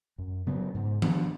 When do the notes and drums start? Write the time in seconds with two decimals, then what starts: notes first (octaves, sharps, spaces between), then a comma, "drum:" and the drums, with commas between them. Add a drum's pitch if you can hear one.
0.18 F#2
0.47 C#3 F#3 B3
0.74 G#2
1.02 F3 B3 D4, drum: tom D#3